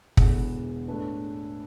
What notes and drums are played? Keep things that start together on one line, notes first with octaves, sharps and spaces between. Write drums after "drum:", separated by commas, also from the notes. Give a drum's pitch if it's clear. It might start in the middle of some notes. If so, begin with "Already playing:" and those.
E1 E2 D3 B3 E4, drum: kick
A2 A3 D4 B4